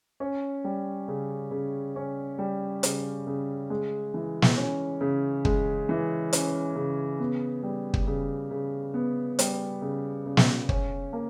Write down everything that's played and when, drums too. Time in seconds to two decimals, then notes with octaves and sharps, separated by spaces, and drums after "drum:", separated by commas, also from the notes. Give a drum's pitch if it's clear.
0.20 C#4
0.64 G3
1.08 C#3
1.51 C#3
1.96 C#4
2.38 G3
2.83 C#3, drum: hi-hat
3.27 C#3
3.70 G#3
4.14 E3
4.42 drum: snare
4.57 C#4
5.01 C#3
5.45 G#3, drum: kick
5.89 E3
6.33 C#4, drum: hi-hat
6.75 C#3
7.20 B3
7.63 G3
7.94 drum: kick
8.07 C#3
8.51 C#3
8.94 B3
9.39 G3, drum: hi-hat
9.82 C#3
10.26 C#3
10.37 drum: snare
10.69 C#4, drum: kick
11.13 A#3